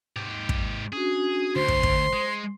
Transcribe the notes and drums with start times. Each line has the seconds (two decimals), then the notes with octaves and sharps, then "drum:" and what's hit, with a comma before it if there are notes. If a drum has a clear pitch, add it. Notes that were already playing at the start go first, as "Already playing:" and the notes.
0.16 G#2 G4
0.49 drum: kick
0.93 C#4 D4 F#4 G#4
1.56 D2 C5 C6
1.68 drum: kick
1.83 drum: kick
2.13 G#3